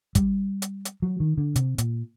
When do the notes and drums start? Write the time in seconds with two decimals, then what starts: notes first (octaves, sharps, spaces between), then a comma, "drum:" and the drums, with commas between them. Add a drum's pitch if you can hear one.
0.15 G3, drum: kick, hi-hat
0.62 drum: hi-hat
0.85 drum: hi-hat
1.02 F#3
1.20 D#3
1.37 D3
1.56 C3, drum: hi-hat
1.78 A#2, drum: hi-hat